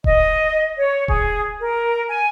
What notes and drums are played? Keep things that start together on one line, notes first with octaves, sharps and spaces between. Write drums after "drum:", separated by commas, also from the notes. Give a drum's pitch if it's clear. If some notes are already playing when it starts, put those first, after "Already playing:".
D#5, drum: kick D#1
C#5
G#4, drum: kick D#1
A#4
G#5